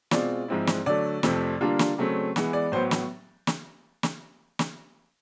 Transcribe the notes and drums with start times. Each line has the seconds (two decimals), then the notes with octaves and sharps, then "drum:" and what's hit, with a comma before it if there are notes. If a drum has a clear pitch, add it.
0.11 B2 G#3 C4 F4 D5, drum: snare
0.48 G#2 F3 G#3 C4 E4
0.67 drum: snare
0.86 D3 F#3 A3 D5
1.23 F2 C3 F3 A3 C4, drum: snare
1.61 D3 G3 A#3 D4 F4
1.79 drum: snare
1.98 C#3 F#3 A3 C4
2.36 E3 G#3 B3, drum: snare
2.53 D5
2.72 A2 F#3 B3 C5
2.91 drum: snare
3.47 drum: snare
4.03 drum: snare
4.59 drum: snare